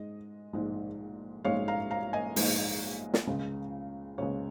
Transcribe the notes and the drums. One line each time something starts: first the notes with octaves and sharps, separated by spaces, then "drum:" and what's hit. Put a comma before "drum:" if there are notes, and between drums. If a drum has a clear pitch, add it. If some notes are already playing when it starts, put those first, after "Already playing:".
Already playing: G#2 G#3 D#5
A#1 G#2 G#3
A#1 G#2 G#3 C#5 F5
F5 A#5
F5 A#5
D#5 G#5
A#1 G#2 G#3, drum: open hi-hat
drum: snare
C#2 C#3 G#3
C#2 C#3 G#3 C#5